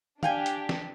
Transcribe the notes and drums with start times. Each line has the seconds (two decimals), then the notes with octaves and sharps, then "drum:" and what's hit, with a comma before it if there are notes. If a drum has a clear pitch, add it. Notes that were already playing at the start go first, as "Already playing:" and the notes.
0.23 D4 G4 F5 G5 G#5, drum: tom
0.46 drum: hi-hat
0.69 drum: snare